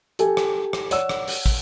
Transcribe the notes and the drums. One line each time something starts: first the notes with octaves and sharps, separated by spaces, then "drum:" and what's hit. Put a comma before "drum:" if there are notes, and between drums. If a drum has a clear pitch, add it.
G4 A4 G#5, drum: hi-hat
drum: rim click
drum: rim click
C#5 D5 F#5 E6, drum: hi-hat
drum: rim click
drum: open hi-hat
drum: kick